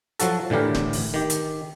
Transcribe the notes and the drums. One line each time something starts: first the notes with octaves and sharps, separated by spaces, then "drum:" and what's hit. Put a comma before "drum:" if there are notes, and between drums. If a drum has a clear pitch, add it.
F3 F#3 F#4 A4, drum: hi-hat
A2 D3 E3 G4 A#4
drum: snare D1
drum: open hi-hat
D#3 G4
drum: hi-hat